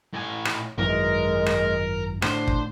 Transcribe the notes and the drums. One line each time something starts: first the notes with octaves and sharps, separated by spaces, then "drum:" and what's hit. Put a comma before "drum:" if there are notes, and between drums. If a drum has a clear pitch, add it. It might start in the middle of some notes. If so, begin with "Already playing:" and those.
A2 G#5
drum: rim click
G#1 F#2 E3 G#3 A#4
drum: rim click
A2 D3 D4 C5, drum: rim click
drum: kick